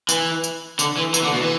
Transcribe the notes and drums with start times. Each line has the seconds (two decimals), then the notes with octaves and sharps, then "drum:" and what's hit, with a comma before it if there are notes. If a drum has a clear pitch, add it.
0.09 E3, drum: tambourine
0.44 drum: tambourine
0.79 D3, drum: tambourine
0.97 E3
1.14 E3, drum: tambourine
1.23 D3
1.33 B2
1.41 E3